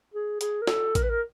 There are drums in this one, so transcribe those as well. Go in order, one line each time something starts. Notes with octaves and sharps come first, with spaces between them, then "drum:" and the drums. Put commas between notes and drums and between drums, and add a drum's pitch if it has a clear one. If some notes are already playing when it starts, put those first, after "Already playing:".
G#4
G#4, drum: hi-hat
A#4
A4, drum: snare
A#4, drum: kick, hi-hat
B4
A#4